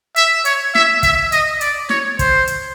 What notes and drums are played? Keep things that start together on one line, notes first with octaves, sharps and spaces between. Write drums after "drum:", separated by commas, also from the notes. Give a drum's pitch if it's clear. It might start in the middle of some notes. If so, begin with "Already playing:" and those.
E5, drum: hi-hat
C#5, drum: hi-hat
E5, drum: snare
E5, drum: kick, hi-hat
D#5, drum: hi-hat
D5, drum: hi-hat
C#5, drum: snare
C5, drum: kick, hi-hat
drum: hi-hat